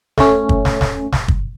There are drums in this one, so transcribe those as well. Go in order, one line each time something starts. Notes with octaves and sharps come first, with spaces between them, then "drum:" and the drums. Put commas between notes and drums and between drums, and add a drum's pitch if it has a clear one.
A3 C#4, drum: snare
drum: kick
drum: snare
drum: snare
drum: snare
drum: kick